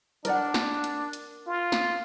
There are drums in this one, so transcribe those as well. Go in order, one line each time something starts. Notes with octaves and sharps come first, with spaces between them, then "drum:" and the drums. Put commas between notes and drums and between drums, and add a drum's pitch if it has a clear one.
D4 A#4 D5 F#5, drum: hi-hat
drum: snare
drum: hi-hat
drum: hi-hat
F4
drum: snare